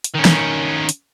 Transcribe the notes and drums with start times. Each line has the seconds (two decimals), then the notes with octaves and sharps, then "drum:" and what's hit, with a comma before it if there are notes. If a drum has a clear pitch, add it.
0.04 drum: hi-hat
0.15 D#3 C#4
0.25 drum: snare
0.89 drum: hi-hat